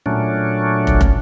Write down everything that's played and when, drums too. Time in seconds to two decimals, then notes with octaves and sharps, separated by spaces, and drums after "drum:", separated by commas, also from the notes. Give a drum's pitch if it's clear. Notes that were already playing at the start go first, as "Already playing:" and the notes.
0.06 A#2 F#3 A3 C#4 D4
0.87 drum: kick
1.01 drum: kick